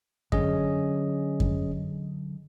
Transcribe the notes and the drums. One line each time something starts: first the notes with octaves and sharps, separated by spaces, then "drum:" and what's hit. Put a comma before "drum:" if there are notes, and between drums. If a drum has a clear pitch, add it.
D3 F#3 C#4 G#4 D#5, drum: kick F#2
drum: kick F#2